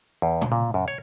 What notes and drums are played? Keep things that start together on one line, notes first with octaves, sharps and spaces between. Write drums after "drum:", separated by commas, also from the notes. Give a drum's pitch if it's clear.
E2
drum: tom A#2
A#2
F#2
C#5